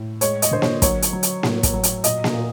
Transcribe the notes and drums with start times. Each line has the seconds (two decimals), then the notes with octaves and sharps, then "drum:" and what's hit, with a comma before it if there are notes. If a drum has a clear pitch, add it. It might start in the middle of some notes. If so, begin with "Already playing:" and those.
Already playing: A2
0.21 G#3 C#5, drum: hi-hat
0.42 D#5, drum: hi-hat
0.51 D3 C5
0.62 C#5, drum: snare A#3
0.82 F#3 C#5, drum: kick, hi-hat
1.02 drum: hi-hat
1.13 F#3
1.23 drum: hi-hat
1.43 A2, drum: snare A#3
1.63 drum: kick, hi-hat
1.73 F#3
1.83 drum: hi-hat
2.04 A#2 D#5, drum: hi-hat
2.24 drum: snare A#3
2.34 A#2